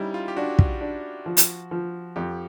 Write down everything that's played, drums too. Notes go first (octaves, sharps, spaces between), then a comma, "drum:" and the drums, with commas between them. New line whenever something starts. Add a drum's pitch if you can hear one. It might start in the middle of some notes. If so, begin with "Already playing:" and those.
Already playing: G3 C#4 D#4 E4
F4
G4
D4 F#4
drum: kick
D4
F3
drum: hi-hat
F3
F2 G4